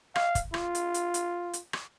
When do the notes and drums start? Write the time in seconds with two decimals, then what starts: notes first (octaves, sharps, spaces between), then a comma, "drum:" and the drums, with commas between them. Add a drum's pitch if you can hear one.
0.15 F5, drum: rim click
0.35 drum: kick, hi-hat
0.54 F4, drum: rim click
0.75 drum: hi-hat
0.94 drum: hi-hat
1.14 drum: hi-hat
1.53 drum: hi-hat
1.73 drum: rim click